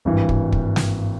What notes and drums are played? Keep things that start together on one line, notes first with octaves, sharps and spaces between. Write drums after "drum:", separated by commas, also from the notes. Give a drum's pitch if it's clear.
G#1 G2 E3
drum: kick
drum: kick
drum: snare